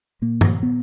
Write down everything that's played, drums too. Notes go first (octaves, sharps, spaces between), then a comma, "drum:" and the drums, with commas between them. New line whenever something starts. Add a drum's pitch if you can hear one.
A#2 A#3
drum: tom G2
B3